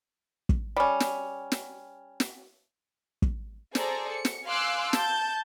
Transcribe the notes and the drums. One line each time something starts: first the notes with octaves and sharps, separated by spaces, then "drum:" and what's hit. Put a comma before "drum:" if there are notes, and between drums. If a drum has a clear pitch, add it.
drum: kick
G3 C#4
drum: snare
drum: snare
drum: snare
drum: kick
G#4 A4 C5 D5 A#5, drum: snare
C#7
drum: snare
F5 G#5 C6 D6 E6 F#6
A5 G6, drum: snare